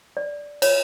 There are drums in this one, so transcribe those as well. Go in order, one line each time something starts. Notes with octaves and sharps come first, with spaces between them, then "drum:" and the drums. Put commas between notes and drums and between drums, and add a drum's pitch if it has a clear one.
D5
C#5, drum: cymbal